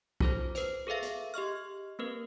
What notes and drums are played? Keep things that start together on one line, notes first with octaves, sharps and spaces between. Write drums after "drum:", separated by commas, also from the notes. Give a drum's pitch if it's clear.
F4 A4 C5, drum: kick
B4 C5, drum: hi-hat
G#4 A4 B4 E5 F5
drum: hi-hat
G4 D#5 C#6 F6
A#3 C4 A#4 B4